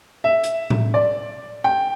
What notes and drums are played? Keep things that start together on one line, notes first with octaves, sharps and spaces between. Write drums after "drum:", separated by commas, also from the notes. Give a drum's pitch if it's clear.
E5
drum: hi-hat
drum: tom A2
D5
G5